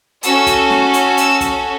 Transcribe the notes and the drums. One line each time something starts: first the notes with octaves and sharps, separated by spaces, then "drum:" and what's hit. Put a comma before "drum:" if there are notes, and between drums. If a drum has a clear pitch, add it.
C#4 F#4 A4 E6, drum: hi-hat
drum: kick, hi-hat
drum: snare
drum: hi-hat
E6, drum: hi-hat
drum: kick, hi-hat